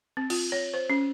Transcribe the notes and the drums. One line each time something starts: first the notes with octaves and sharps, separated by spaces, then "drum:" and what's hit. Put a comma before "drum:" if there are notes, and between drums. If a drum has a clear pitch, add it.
C4
F4, drum: cymbal
C#5
C5
C#4